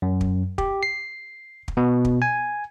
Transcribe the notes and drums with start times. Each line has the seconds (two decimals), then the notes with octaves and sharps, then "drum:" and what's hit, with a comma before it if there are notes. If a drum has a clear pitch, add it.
0.02 F#2
0.21 drum: kick
0.58 G4, drum: kick
0.83 C7
1.68 drum: kick
1.77 B2
2.05 drum: kick
2.22 G#5